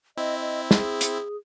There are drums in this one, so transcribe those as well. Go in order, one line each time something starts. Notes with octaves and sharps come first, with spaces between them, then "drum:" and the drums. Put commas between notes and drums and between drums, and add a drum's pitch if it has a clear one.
C4 E4 D#5
D#5
G#4, drum: snare
drum: hi-hat